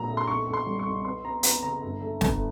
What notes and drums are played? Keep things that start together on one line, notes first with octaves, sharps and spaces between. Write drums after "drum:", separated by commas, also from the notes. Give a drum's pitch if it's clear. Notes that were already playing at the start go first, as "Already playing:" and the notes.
Already playing: A#1 G2 A#2 F#3 A#5
A3
C6
B1 C#6
B1
C6
G3
C#6
B1
B3 C6
B3 A#5
B3 A#5, drum: hi-hat
C#3 A#5
G1
A3
G1, drum: snare